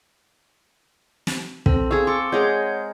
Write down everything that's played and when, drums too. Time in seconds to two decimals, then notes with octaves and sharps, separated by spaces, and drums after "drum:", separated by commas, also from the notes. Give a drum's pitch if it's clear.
1.27 drum: snare
1.66 C4 A4, drum: kick
1.91 G#4 F5 C#6 E6
2.07 A4 C6 D6 C#7
2.32 G#3 G#4 A#4 C#5 F#5 G6